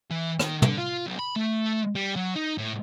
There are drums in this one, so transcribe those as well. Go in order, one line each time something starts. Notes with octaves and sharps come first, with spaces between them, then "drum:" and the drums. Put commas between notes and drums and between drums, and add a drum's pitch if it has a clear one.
E3
D#3, drum: rim click
D3, drum: tom
F4
B1
B5
A3
G3
F#3
D#4
A2